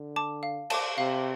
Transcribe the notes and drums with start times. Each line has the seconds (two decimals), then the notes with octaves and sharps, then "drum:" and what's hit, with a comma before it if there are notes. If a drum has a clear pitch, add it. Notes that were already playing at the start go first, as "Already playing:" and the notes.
Already playing: D3
0.16 A5 D6
0.43 F5
0.70 A5 D6, drum: cymbal
0.98 C3 F5